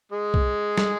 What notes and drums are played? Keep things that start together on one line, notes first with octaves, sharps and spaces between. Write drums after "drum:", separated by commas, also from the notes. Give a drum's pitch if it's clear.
G#3 G#4
drum: kick B1
drum: snare